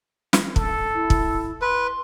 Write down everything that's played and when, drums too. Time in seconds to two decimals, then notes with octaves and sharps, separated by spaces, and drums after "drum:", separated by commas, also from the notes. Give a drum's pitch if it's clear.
0.33 drum: snare
0.56 A4, drum: kick
0.94 E4
1.10 drum: kick
1.62 B4 C6